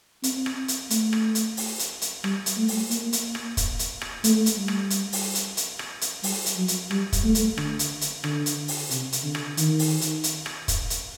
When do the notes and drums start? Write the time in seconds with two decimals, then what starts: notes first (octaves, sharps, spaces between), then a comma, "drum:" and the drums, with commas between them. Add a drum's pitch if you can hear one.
0.23 C4, drum: hi-hat
0.46 drum: rim click
0.68 drum: hi-hat
0.90 A3, drum: hi-hat
1.13 drum: rim click
1.35 drum: hi-hat
1.57 drum: open hi-hat
1.79 drum: hi-hat
2.02 drum: hi-hat
2.24 G3, drum: rim click
2.46 drum: hi-hat
2.57 A3
2.68 drum: open hi-hat
2.91 A#3, drum: hi-hat
3.13 drum: hi-hat
3.35 drum: rim click
3.57 drum: kick, hi-hat
3.79 drum: hi-hat
4.01 drum: rim click
4.24 A3, drum: hi-hat
4.46 drum: hi-hat
4.57 G3
4.68 drum: rim click
4.90 drum: hi-hat
5.13 drum: open hi-hat
5.35 drum: hi-hat
5.57 drum: hi-hat
5.79 drum: rim click
6.01 drum: hi-hat
6.23 G3, drum: open hi-hat
6.46 drum: hi-hat
6.57 F#3
6.68 drum: hi-hat
6.91 G3, drum: rim click
7.13 drum: kick, hi-hat
7.24 A3
7.35 drum: hi-hat
7.58 D3, drum: rim click
7.79 drum: hi-hat
8.01 drum: hi-hat
8.24 D3, drum: rim click
8.46 drum: hi-hat
8.68 drum: open hi-hat
8.91 C3, drum: hi-hat
9.12 drum: hi-hat
9.23 D3
9.35 drum: rim click
9.57 D#3, drum: hi-hat
9.79 drum: open hi-hat
10.01 drum: hi-hat
10.24 drum: hi-hat
10.46 drum: rim click
10.68 drum: kick, hi-hat
10.90 drum: hi-hat